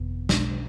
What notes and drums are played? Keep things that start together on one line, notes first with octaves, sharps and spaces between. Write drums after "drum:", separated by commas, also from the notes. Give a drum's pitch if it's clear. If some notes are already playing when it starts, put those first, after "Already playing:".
Already playing: G1 F2 C3 D#3 B3
B1 B2 G#3 D4, drum: snare